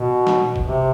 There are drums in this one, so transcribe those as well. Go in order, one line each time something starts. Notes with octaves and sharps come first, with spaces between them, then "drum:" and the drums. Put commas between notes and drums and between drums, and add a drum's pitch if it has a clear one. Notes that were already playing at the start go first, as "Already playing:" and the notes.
Already playing: B2
drum: snare
drum: kick F#1
C3